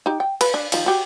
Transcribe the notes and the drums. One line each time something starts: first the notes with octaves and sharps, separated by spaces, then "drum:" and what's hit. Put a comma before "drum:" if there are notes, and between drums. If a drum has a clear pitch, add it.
D#4 G4
G5
B4, drum: cymbal
D4
D#3 F3, drum: cymbal
F#4 G4